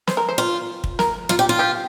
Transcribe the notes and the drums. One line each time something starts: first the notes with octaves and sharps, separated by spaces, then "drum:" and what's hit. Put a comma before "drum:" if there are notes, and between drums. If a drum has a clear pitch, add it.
C5, drum: snare
A#4
C5
F4
drum: kick
A#4, drum: snare
F4, drum: snare
G4
F4
G4